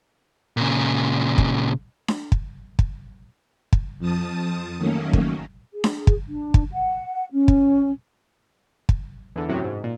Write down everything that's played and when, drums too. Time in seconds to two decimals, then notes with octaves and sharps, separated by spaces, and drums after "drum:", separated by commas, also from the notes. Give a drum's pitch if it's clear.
0.57 A#2 C#3
1.38 drum: kick
2.08 drum: snare D4
2.32 drum: kick
2.79 drum: kick
3.73 drum: kick
3.99 F2 F3 A5 D#6
4.77 D#3 F#3 A3 A#3 C#4
5.13 drum: kick
5.73 G#4
5.84 drum: snare D4
6.07 drum: kick
6.29 D4
6.54 drum: kick
6.71 F#5
7.32 C#4
7.48 drum: kick
8.89 drum: kick
9.36 E2 D3
9.48 F#2 A2 C3 F#3
9.64 G#2
9.84 A#2